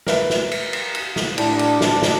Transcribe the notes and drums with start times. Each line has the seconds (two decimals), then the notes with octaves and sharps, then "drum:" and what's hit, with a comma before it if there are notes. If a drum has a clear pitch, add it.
0.07 A#4 B4 E5, drum: snare
0.30 drum: snare
0.51 drum: cymbal
0.73 drum: cymbal
0.95 drum: cymbal
1.16 drum: snare
1.38 A2 D4, drum: cymbal
1.59 drum: cymbal
1.81 drum: snare
2.02 drum: snare